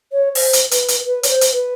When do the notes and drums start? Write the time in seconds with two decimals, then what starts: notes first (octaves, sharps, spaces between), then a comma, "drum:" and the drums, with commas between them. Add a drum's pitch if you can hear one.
0.12 C#5
0.35 C5, drum: open hi-hat
0.53 drum: hi-hat
0.71 B4, drum: hi-hat
0.88 drum: hi-hat
1.06 B4
1.23 C#5, drum: hi-hat
1.29 C5
1.41 drum: hi-hat
1.52 B4